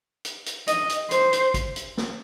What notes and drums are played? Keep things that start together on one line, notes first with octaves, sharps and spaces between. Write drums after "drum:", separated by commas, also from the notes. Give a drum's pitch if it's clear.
drum: hi-hat
drum: hi-hat
D#5, drum: hi-hat
drum: hi-hat
C5, drum: hi-hat
drum: hi-hat
drum: kick, hi-hat
drum: hi-hat
drum: snare